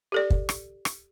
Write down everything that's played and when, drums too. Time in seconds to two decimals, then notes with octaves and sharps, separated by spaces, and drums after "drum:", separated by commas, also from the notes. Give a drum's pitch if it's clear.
0.12 G4 A4 D5
0.30 drum: kick
0.49 drum: rim click
0.85 drum: rim click